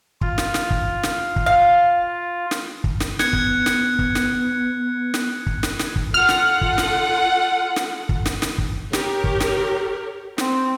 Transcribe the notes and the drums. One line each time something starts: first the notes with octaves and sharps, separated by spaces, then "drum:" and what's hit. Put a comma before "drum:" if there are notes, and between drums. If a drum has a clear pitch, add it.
F4, drum: kick
drum: snare
drum: snare
drum: kick
drum: snare
drum: kick
F5
drum: snare
drum: kick
drum: snare
B3 F#6 G#6 C#7, drum: snare
drum: kick
drum: snare
drum: kick
drum: snare
drum: snare
drum: kick
drum: snare
drum: snare
drum: kick
F4 A4 F#5 F6
drum: snare
drum: kick
drum: snare
drum: snare
drum: kick
drum: snare
drum: snare
drum: kick
G4 A#4 C#5, drum: snare
drum: kick
drum: snare
C4, drum: snare